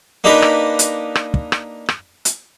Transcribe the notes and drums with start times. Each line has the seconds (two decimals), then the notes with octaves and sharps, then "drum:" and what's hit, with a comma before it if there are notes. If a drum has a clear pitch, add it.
0.24 A#3 D4 D#4 G4 A#4 B4
0.42 drum: rim click
0.79 drum: hi-hat
1.15 drum: rim click
1.34 drum: kick
1.52 drum: rim click
1.89 drum: rim click
2.25 drum: hi-hat